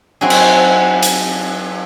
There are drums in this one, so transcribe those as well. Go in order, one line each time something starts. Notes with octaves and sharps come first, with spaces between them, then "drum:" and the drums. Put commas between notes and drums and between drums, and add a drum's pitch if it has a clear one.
F#3 C4 D#4 E4 F#4 G#4
drum: cymbal
drum: hi-hat